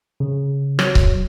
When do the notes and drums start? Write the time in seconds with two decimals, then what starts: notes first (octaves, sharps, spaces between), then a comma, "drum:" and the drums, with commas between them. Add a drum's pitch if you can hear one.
0.20 C#3
0.79 F#3, drum: rim click
0.95 drum: kick C#1